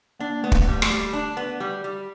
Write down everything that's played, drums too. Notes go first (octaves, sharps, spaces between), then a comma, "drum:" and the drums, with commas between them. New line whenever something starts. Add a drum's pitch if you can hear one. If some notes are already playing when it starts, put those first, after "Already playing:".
A#3 D4
A3 B3
G#3, drum: kick
G3
A3, drum: rim click
G3
D4
B3
G3
G3